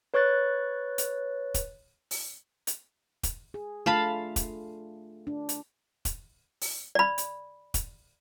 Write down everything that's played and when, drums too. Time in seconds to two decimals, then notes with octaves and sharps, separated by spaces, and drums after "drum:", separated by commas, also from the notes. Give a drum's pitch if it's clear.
0.14 B4 C#5 C#6 F#6 A6
0.98 drum: hi-hat
1.54 drum: kick E1, hi-hat
2.11 drum: open hi-hat
2.67 drum: hi-hat
3.23 drum: kick E1, hi-hat
3.54 G#4
3.86 A3 D4 F4 F5 A5 B5
4.36 drum: kick E1, hi-hat
5.27 D4
5.49 drum: hi-hat
6.05 drum: kick E1, hi-hat
6.61 drum: open hi-hat
6.95 D5 B5
7.18 drum: hi-hat
7.74 drum: kick E1, hi-hat